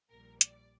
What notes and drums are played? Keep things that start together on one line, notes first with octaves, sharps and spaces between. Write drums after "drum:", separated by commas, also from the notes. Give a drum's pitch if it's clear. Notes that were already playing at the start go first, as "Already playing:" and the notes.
A#1 A#2 G3 A#4
D5, drum: hi-hat